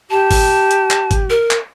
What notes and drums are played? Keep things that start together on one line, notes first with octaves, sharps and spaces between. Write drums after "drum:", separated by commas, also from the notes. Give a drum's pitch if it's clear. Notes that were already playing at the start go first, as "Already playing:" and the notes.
G4 A5
drum: kick G1, open hi-hat
drum: hi-hat
drum: clap
drum: kick G1, hi-hat
A#4
drum: clap